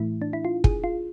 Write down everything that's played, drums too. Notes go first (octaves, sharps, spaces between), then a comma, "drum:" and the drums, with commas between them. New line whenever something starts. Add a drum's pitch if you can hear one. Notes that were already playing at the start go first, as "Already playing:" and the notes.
Already playing: A2 E3 A3 E4
D4
E4
F4
G#4, drum: kick
F4